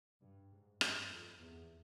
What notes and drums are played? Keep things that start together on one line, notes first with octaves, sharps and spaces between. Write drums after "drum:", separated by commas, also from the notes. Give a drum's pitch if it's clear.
G2
G#2
G2, drum: rim click
F2
E2